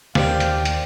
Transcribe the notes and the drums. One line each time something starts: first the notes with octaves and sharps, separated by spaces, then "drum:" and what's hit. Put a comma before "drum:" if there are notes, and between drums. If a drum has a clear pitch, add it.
D#2 G4 A#4 C5 D5 F5, drum: snare
drum: hi-hat
drum: hi-hat